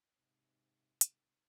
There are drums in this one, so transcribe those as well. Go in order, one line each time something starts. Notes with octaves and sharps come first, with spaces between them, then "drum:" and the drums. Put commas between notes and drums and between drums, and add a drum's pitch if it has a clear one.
G#2 C3
drum: hi-hat